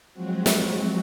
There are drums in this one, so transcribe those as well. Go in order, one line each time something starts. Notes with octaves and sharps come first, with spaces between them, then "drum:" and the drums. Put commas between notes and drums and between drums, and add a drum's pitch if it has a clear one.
F3 F#3 G#3 C4 F#4
drum: snare